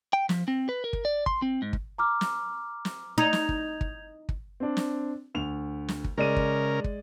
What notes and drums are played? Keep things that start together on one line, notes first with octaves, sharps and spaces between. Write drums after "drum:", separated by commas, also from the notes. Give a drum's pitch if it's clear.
G5
F3, drum: snare
C4
B4
A#4
drum: kick
D5
C6, drum: kick
C4
G#2
drum: kick
A#5 D6 F6
drum: snare
drum: snare
D#4 G6 G#6 F7
drum: snare
drum: kick
drum: kick
drum: kick
C4 D4
drum: snare
D2 F7
drum: snare
drum: kick
C#3 G#3 A#4 D5 D#7
drum: kick
drum: kick